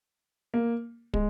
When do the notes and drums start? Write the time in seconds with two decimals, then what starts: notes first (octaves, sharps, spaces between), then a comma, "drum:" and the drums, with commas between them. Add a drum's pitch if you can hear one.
0.54 A#3
1.14 G#3, drum: kick